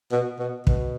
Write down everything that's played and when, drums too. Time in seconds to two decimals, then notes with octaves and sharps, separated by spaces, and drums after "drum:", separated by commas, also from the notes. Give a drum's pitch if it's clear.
0.12 B2
0.39 B2
0.67 B2, drum: kick